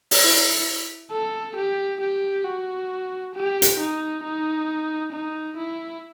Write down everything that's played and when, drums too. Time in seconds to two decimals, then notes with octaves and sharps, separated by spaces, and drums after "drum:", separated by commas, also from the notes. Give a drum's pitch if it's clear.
0.11 drum: open hi-hat
0.22 E4
1.11 A4
1.55 G4
2.01 G4
2.44 F#4
3.35 G4
3.62 drum: hi-hat
3.79 D#4
4.23 D#4
5.12 D#4
5.57 E4